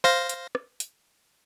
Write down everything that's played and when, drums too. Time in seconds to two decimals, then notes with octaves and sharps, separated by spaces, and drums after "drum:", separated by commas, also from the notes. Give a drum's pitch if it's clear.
0.04 C5 F5 A#6
0.29 drum: hi-hat
0.55 drum: rim click
0.80 drum: hi-hat